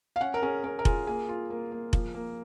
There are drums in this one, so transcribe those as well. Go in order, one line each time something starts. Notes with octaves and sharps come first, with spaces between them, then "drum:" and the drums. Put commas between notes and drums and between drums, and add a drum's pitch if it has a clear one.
F5
C#4 F#5
A#4
C#4 G#4
C#4 A#4
A#4
F4 G#4, drum: kick F1
A#3 G#4
F4
A#3
A#3
F3, drum: kick F1
A#3